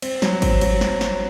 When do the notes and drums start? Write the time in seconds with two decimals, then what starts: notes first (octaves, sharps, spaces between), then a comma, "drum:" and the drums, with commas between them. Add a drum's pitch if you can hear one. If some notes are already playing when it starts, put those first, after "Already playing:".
0.02 C4, drum: cymbal
0.22 F#3, drum: snare
0.42 C4, drum: kick, cymbal
0.61 F#3, drum: cymbal
0.81 drum: snare
1.01 drum: snare